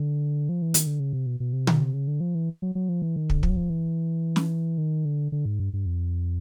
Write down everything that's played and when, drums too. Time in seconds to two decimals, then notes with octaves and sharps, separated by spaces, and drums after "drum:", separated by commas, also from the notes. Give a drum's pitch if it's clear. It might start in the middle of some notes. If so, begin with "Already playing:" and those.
Already playing: D3
0.49 F3
0.62 E3
0.74 D#3, drum: hi-hat
0.86 D3
1.00 C#3
1.13 C3
1.26 B2
1.40 B2
1.53 C3
1.67 B2, drum: tom D3
1.81 C3
1.93 C#3
2.08 D3
2.20 F3
2.35 E3
2.62 F#3
2.75 F#3
2.89 F3
3.02 E3
3.16 D#3
3.30 D3, drum: kick
3.43 F3, drum: kick
3.49 F#3
3.57 F3
3.70 E3
4.36 drum: snare
4.78 D#3
5.05 D3
5.32 D3
5.45 G#2
5.60 G2
5.73 G2
5.86 F2